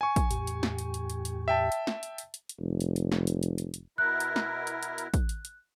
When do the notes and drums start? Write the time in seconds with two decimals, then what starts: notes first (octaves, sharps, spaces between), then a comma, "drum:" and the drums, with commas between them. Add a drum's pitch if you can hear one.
0.01 G#5 C#6
0.16 drum: kick, hi-hat
0.31 E2 A2 G4, drum: hi-hat
0.47 drum: hi-hat
0.63 drum: snare
0.78 drum: hi-hat
0.94 drum: hi-hat
1.10 drum: hi-hat
1.25 drum: hi-hat
1.48 E5 G5 A5
1.72 drum: hi-hat
1.87 drum: snare
2.03 drum: hi-hat
2.18 drum: hi-hat
2.34 drum: hi-hat
2.49 drum: hi-hat
2.60 F1
2.80 drum: hi-hat
2.96 drum: hi-hat
3.12 drum: snare
3.27 drum: hi-hat
3.43 drum: hi-hat
3.58 drum: hi-hat
3.74 drum: hi-hat
3.98 B2 E4 A#4 F#6
4.20 drum: hi-hat
4.36 drum: snare
4.67 drum: hi-hat
4.83 drum: hi-hat
4.98 drum: hi-hat
5.14 drum: kick, hi-hat
5.29 drum: hi-hat
5.45 drum: hi-hat